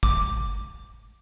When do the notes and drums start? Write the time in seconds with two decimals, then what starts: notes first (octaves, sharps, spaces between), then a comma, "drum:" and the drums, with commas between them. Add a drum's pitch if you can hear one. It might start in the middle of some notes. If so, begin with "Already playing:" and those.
0.03 D6, drum: kick